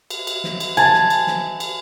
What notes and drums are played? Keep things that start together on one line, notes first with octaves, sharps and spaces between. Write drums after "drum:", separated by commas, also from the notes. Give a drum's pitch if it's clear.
drum: cymbal
drum: cymbal
drum: snare
drum: cymbal
G#5 A5, drum: cymbal
drum: snare
drum: cymbal
drum: snare
drum: cymbal